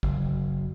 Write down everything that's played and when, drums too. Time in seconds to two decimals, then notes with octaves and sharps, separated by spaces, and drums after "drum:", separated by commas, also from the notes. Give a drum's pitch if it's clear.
0.03 F#1, drum: kick